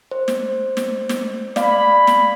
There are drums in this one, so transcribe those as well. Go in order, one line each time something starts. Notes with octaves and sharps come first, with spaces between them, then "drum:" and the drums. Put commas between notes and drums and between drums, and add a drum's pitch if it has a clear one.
C5
drum: snare
drum: snare
drum: snare
D5 F5 B5, drum: snare
drum: snare